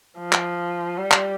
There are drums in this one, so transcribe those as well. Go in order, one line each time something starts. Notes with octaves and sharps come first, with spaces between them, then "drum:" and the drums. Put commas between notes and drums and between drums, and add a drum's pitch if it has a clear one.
F3
drum: clap
G3
drum: clap